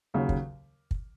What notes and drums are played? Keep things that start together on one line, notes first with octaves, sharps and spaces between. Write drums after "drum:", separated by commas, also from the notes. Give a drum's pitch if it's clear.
D#2 C#3 F#3
drum: kick
drum: kick